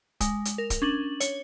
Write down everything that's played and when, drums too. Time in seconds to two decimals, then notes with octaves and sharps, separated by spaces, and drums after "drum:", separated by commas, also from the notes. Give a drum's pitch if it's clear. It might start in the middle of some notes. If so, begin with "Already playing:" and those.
0.21 G#3, drum: kick, hi-hat
0.45 drum: hi-hat
0.58 A#4
0.70 drum: kick, hi-hat
0.82 C#4 D4 F#7
1.20 C#5, drum: hi-hat